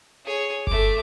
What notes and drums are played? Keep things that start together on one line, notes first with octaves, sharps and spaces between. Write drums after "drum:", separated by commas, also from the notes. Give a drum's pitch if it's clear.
G#4 C#5
A3 D6, drum: kick G1